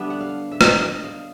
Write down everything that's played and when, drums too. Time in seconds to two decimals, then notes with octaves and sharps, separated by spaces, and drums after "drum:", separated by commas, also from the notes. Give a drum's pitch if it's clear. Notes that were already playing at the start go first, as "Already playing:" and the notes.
Already playing: D3 G3 B3 D4 E5
0.10 F#5
0.21 F5
0.51 E5
0.61 drum: rim click
0.81 D#5
1.04 F5